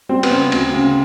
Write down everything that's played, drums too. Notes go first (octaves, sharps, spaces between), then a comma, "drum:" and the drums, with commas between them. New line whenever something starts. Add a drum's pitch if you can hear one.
G3 C4
B3, drum: cymbal
C#3 C4
D2, drum: cymbal
C#3